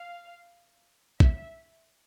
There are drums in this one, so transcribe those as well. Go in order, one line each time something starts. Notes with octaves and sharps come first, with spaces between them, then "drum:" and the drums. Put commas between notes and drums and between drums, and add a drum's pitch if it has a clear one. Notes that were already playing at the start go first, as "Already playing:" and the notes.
Already playing: F5
E5, drum: kick